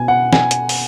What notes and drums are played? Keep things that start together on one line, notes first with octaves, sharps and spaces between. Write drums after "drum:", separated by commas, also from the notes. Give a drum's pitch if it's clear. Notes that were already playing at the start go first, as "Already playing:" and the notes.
Already playing: B2 G#5
F#5
G#5, drum: snare
drum: hi-hat
drum: open hi-hat